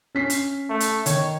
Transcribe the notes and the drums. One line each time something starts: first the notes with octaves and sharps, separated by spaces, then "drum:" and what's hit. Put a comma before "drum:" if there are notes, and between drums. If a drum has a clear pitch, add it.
C#4 B6 C7
drum: hi-hat
A3
drum: hi-hat
D#3 C#5, drum: hi-hat